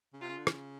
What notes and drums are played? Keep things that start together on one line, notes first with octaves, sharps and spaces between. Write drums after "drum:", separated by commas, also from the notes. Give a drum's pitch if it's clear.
C#3
C3 F4
C#3
D3
C#3, drum: rim click